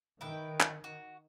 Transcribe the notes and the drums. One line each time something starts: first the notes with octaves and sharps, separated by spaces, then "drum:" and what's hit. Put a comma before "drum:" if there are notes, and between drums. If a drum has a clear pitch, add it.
D#3 E4 B4 G5
drum: clap
F#4